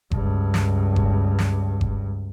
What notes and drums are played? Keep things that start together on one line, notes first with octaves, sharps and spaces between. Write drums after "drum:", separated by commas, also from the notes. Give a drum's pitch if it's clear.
C#2 G2, drum: kick F#1
drum: snare
drum: kick F#1
drum: snare
drum: kick F#1